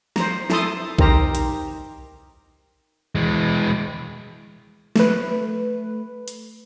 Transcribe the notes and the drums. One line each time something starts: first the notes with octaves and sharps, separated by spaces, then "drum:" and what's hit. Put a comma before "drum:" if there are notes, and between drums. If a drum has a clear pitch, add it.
C5 A#5, drum: snare
E4 A4 A5 C6 D#6, drum: snare
D#4 G4 A#4 C5 A#5, drum: kick A#1
drum: hi-hat
E3 G#3
A3 B4, drum: snare
drum: hi-hat